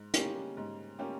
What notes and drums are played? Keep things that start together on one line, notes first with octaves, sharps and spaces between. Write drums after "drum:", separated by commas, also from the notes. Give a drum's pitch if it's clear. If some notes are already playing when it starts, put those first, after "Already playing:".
Already playing: G#2
G3 A#3 C#4 G4, drum: hi-hat
G#2
G3 A#3 C#4 G4